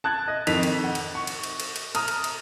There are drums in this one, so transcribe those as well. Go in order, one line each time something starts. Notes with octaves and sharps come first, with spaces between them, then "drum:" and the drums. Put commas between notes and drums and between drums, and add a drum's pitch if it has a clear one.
A5 F#6 G#6 A6
D#5
F2 D#3 B6 F7, drum: cymbal
drum: cymbal
F#5
drum: cymbal
C#6
drum: cymbal
drum: cymbal
drum: cymbal
drum: cymbal
A#5 D#6 F6, drum: cymbal
drum: cymbal
drum: cymbal